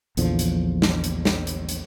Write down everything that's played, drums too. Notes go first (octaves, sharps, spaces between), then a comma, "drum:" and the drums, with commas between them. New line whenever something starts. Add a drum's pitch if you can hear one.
A#1 E2 D3 F3, drum: hi-hat
drum: hi-hat
drum: snare
drum: hi-hat
drum: snare
drum: hi-hat
drum: hi-hat